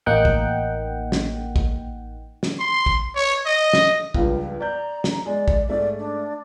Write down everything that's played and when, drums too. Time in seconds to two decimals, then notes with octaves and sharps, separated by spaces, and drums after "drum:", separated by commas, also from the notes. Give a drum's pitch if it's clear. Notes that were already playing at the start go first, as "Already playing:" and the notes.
0.06 A1 A#3 D#4 F#5 G5
0.25 drum: kick
1.12 drum: snare
1.56 drum: kick
2.43 drum: snare
2.59 C6
2.86 drum: kick
3.15 C#5
3.46 D#5
3.73 drum: snare
4.14 C#2 G2 F3, drum: kick
4.60 D5 A#5 G6
5.04 drum: snare
5.26 G#3 D5
5.48 drum: kick
5.69 G#2 A3 D5 E5
5.98 D4